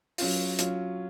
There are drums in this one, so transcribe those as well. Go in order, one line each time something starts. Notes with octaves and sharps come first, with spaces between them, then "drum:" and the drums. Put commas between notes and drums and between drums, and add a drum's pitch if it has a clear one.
F#3 C#4 F4, drum: open hi-hat
F#3 C#4 F4, drum: hi-hat